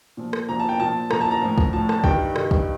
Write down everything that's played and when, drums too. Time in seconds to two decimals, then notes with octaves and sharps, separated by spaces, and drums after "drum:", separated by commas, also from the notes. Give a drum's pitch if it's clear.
0.17 A#2 F3
0.33 drum: rim click
0.49 A#2 F3 A#5
0.60 A5
0.69 G5
0.80 A#2 F3 A5
1.11 A#2 F3 A#5, drum: rim click
1.21 A5
1.31 A#5
1.42 A2 F3
1.58 drum: kick
1.73 A2 F3 A5
1.89 A5, drum: rim click
2.04 G2 D#3 G3 G5, drum: kick
2.36 G2 D#3 G3, drum: rim click
2.51 drum: kick